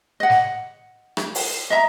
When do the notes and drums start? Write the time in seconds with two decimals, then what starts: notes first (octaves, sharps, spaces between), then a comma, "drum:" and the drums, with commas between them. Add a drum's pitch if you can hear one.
0.20 D#5 F#5
0.30 drum: snare
1.17 drum: rim click
1.35 drum: open hi-hat
1.70 D#5 E5 A#5